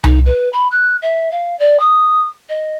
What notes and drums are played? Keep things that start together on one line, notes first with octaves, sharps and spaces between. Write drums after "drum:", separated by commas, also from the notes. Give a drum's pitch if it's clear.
D#4, drum: tom C2
B4
B5
F#6
E5
F5
D5
D#6
D#5